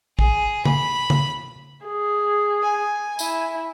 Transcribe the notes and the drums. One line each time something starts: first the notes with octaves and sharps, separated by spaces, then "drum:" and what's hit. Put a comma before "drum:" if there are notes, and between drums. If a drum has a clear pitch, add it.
G#4, drum: kick A1
B5, drum: tom C#3
drum: tom C#3
G#4
G#5
E4, drum: tambourine